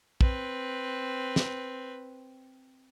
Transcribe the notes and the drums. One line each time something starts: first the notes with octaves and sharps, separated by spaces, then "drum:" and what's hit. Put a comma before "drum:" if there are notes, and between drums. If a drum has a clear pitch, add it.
C4 B4, drum: kick
drum: snare